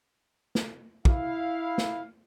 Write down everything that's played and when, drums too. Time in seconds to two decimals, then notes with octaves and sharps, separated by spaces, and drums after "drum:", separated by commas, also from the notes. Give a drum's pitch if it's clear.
0.55 drum: snare
1.05 E4 F5, drum: kick
1.78 drum: snare